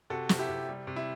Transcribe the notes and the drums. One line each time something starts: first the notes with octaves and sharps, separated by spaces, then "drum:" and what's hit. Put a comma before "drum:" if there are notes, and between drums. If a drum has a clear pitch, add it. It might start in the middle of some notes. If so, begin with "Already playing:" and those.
C3 F#4 A4
C3, drum: snare
E4 G4
C3
G3
C3
E4